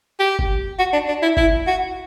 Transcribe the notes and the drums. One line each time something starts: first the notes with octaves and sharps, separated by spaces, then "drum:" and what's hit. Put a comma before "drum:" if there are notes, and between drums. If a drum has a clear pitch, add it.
G4
drum: kick F#1
F#4
D4
D4
E4
E4, drum: kick F#1
F#4